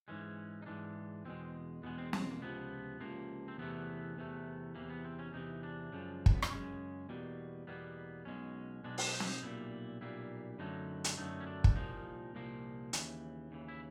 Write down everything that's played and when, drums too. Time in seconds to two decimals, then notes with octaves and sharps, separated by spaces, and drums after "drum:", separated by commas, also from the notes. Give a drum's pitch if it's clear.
0.08 G#2 E3 G#3 C#4
0.62 D#4
0.66 G#2 E3 G#3 D4
1.25 E2 B2 G#3 C4
1.83 E2 B2 G#3 B3
1.98 C4
2.13 C4, drum: snare
2.31 A#3
2.41 C#2 C3 F3 B3
3.00 C#2 C3 F3 A#3
3.48 C4
3.58 E2 C3 E3 A3 B3
4.17 E2 C3 E3 A3
4.75 E2 C3 E3 A#3
4.90 B3
5.04 C4
5.19 C#4
5.33 E2 C3 E3 D#4
5.63 D4
5.92 F#2 C#3 F3 G#3
6.26 A#3, drum: kick
6.35 B3
6.42 C4, drum: rim click
6.50 F#2 C#3 F3 G#3 C#4
7.09 E2 B2 G3 A#3
7.67 E2 B2 G3 A#3 B3
8.25 B1 B2 G#3 C#4
8.84 B1 B2 G#3 D4
8.98 drum: open hi-hat
9.13 D#4
9.20 E4, drum: snare
9.28 D#4
9.42 B1 A#2 G3 A#3 E4
10.01 B1 A#2 G3 A#3 E4
10.59 F#2 D3 F#3 A3 D#4
11.04 drum: hi-hat
11.17 F#2 D3 F#3 A3 D#4
11.41 C#4
11.47 D4
11.64 drum: kick
11.76 C2 A#2 F3 A#3 D#4
12.35 C2 A#2 F3 A#3
12.93 D#2 C#3 E3, drum: hi-hat
13.51 D#2 C#3 E3
13.69 E4